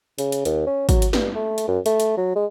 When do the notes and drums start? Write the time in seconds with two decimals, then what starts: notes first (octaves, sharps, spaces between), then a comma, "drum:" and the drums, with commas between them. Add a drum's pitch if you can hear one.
0.18 C#3, drum: hi-hat
0.32 drum: hi-hat
0.45 D#2, drum: hi-hat
0.67 C#4
0.89 F#3, drum: kick, hi-hat
1.02 drum: hi-hat
1.13 G2, drum: snare
1.35 A3
1.58 drum: hi-hat
1.68 F#2
1.86 A3, drum: hi-hat
2.00 drum: hi-hat
2.17 F#3
2.36 G#3